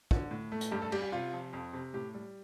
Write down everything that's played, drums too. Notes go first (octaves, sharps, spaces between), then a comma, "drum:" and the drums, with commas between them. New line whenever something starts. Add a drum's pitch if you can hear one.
D3, drum: kick
A2
A3
drum: hi-hat
G2 G4
A4
G3 G4, drum: cymbal
G4
C3 F4
F3
F2
C3
A2 G4
G3